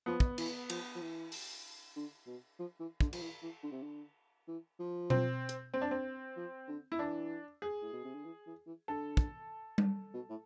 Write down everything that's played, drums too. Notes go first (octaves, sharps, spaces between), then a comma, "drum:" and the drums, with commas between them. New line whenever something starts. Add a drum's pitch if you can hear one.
F3 B3
drum: kick
E3, drum: cymbal
F3, drum: cymbal
F3
E3
drum: open hi-hat
D3
B2
F3
E3
D3, drum: kick
F3, drum: cymbal
E3
E3
D3
C3
D3
E3
F3
C4, drum: tom B2
drum: hi-hat
C4
D4
C4
F3
D3
E4
E3 D4
G#4
A2
B2
C3
D3
E3
E3
E3
D3 A4
drum: kick
drum: tom G3
B2
A2